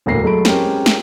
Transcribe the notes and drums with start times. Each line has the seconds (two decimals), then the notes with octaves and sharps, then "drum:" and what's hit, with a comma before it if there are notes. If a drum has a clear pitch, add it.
0.06 E1 D2 A2 A#3 A#6 C7
0.23 F#3 G#3 A3 A4 B5 D7
0.45 G#3 C4 C#4 G4 A#4, drum: snare
0.86 drum: snare